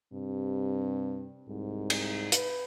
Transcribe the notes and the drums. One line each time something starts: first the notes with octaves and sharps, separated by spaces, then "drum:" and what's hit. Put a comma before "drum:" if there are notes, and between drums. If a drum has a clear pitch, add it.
G2 C3
C2 G#2
drum: cymbal
B4, drum: hi-hat